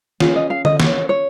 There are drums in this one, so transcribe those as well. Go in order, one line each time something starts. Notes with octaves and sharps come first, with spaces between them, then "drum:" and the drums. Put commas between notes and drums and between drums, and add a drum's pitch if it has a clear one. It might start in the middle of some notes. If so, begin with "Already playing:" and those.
C#4 F4 G#4, drum: snare
D#5
F5
D#5, drum: tom D3
C#5, drum: snare
C#5